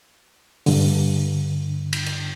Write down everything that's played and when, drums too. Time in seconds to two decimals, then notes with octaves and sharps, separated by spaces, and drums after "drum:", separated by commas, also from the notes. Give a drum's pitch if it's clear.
0.66 G2 D3, drum: open hi-hat
1.93 drum: cymbal
2.07 drum: hi-hat